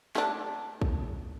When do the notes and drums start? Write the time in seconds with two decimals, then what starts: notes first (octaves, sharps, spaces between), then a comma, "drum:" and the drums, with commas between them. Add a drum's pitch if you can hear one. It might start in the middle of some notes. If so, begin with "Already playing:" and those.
0.15 A3 D4, drum: snare
0.82 drum: kick